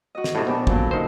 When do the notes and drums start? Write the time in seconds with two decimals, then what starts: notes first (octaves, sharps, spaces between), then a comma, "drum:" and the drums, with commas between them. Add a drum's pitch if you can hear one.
0.15 F#4 D#5
0.24 drum: snare
0.35 A2 C3
0.47 A#1 B3 D4
0.67 F#2 A#2 D3, drum: kick
0.91 D#3 C5